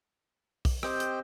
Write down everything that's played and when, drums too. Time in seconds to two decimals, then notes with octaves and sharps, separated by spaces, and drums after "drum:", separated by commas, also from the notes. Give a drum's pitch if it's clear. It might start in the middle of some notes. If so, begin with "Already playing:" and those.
0.65 drum: kick B1, open hi-hat
0.83 C4 G4 C5 D#5 G5, drum: rim click
1.00 drum: hi-hat